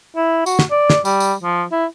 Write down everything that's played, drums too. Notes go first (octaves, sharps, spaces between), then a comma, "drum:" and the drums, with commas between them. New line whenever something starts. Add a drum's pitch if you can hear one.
E4
F#4, drum: tambourine
drum: snare
D5
drum: snare
G3, drum: tambourine
drum: tambourine
F3
E4